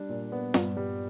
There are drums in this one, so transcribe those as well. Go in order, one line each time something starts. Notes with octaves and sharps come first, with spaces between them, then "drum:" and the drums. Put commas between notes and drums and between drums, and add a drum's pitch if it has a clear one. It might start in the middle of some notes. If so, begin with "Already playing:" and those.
Already playing: G3 D4
A#2
B3
G2, drum: snare F4
G3